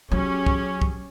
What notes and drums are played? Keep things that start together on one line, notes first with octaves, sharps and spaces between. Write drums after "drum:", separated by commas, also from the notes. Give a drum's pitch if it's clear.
F#3 C#4 G4 G#4
drum: kick
drum: kick